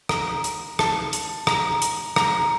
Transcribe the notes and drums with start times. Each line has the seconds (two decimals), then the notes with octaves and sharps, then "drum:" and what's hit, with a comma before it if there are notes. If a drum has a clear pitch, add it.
0.09 A#5, drum: rim click
0.44 drum: hi-hat
0.79 A5, drum: rim click
1.13 drum: hi-hat
1.47 A#5, drum: rim click
1.82 drum: hi-hat
2.16 A#5, drum: rim click